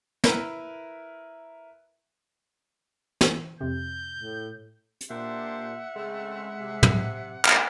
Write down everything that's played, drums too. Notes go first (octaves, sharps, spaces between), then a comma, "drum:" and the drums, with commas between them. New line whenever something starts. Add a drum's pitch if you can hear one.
E4 A#4 B4, drum: snare
E3, drum: snare
F2 C3 G6
A2
drum: hi-hat
A#2 D4 G4 C5 E5 F#5
C#3 G#3 A3 C4
C3
drum: tom
drum: clap